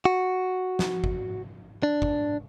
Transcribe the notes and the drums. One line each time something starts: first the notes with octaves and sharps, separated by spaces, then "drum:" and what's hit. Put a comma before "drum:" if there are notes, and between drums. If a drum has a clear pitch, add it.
F#4
drum: snare
drum: kick G1
D4
drum: kick G1